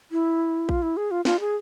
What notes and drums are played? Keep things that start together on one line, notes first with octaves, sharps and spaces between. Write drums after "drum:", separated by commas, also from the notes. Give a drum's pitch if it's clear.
E4
F4, drum: kick A#1
E4
G#4
F4
F4, drum: snare
G#4